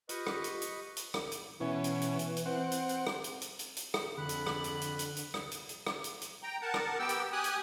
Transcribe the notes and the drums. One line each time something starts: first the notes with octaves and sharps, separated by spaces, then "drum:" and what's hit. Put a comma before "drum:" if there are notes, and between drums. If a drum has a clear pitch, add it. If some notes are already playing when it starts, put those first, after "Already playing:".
F4 G4 B4 D#5 C#6, drum: hi-hat
drum: rim click
drum: hi-hat
drum: hi-hat
drum: hi-hat
drum: rim click
drum: hi-hat
B2 E3 C#4
drum: hi-hat
drum: hi-hat
drum: hi-hat
drum: hi-hat
C4 F#5
drum: hi-hat
drum: hi-hat
drum: rim click
drum: hi-hat
drum: hi-hat
drum: hi-hat
drum: hi-hat
drum: rim click
F2 D3 B5 F#6
drum: hi-hat
drum: rim click
drum: hi-hat
drum: hi-hat
drum: hi-hat
drum: hi-hat
drum: rim click
drum: hi-hat
drum: hi-hat
drum: rim click
drum: hi-hat
drum: hi-hat
G5 A#5
A#4 F#5 A5
drum: rim click
B3 G4 G5 E6
drum: hi-hat
G4 G#5 D#6 F#6
drum: hi-hat